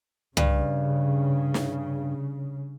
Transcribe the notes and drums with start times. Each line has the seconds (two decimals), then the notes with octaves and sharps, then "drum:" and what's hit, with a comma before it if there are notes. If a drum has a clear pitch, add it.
0.37 G2 C#3, drum: tom
1.54 drum: snare